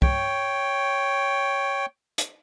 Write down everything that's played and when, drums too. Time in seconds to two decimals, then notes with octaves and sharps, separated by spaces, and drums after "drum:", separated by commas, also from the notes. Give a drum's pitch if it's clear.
0.02 C#5 G5, drum: kick
2.18 drum: hi-hat